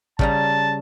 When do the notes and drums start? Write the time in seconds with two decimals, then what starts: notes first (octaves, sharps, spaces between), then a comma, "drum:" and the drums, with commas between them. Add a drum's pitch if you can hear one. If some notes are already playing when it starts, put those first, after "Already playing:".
0.19 C#3 G3 A5 A#5, drum: kick